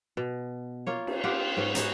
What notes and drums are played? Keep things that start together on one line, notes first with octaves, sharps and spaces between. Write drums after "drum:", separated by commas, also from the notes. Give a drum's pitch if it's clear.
B2
A#3 F4 C#5
drum: cymbal
F4 G4 F#5
G#2 B3 C#4
D#4 F#4 G#4, drum: hi-hat